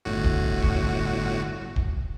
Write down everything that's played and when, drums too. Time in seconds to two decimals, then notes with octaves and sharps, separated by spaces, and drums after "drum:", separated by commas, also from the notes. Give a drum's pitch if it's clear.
0.05 G1 A2 F#4
0.24 drum: kick
0.62 drum: kick
1.76 drum: kick